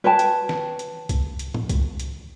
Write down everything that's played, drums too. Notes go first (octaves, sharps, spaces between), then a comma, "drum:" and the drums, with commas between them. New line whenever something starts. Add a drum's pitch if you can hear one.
B4 C#5 G5 A5
drum: hi-hat
drum: snare
drum: hi-hat
drum: kick C2, hi-hat
drum: hi-hat
drum: tom
drum: kick C2, hi-hat
drum: hi-hat